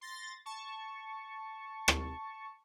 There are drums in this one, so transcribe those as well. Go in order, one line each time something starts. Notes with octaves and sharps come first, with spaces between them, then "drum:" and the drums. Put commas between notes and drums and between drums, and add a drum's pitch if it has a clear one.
C6 A6 A#6
A5 C#6
drum: rim click